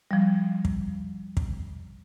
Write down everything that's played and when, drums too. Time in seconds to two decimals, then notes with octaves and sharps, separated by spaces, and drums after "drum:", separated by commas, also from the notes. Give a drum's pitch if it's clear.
0.11 F3 G3
0.65 drum: kick
1.37 drum: kick